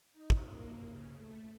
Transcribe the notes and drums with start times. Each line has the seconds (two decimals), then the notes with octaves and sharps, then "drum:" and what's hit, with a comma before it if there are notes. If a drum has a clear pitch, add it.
0.13 D#4
0.30 drum: kick
0.48 A#3
0.86 C#3
1.15 A3